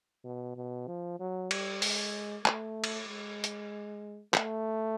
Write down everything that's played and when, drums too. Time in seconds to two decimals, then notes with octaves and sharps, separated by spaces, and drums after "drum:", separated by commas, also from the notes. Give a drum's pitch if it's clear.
0.24 B2
0.56 B2
0.88 F3
1.20 F#3
1.51 G3, drum: cymbal
1.82 G#3, drum: open hi-hat
2.46 A3, drum: clap
2.84 drum: cymbal
3.08 G#3
3.44 drum: hi-hat
4.34 A3, drum: clap